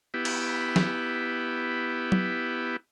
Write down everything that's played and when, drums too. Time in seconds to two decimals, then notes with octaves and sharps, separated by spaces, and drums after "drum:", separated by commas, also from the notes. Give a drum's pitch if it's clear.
0.14 B3 E4 G4
0.25 drum: cymbal
0.76 drum: snare
2.12 drum: tom F#3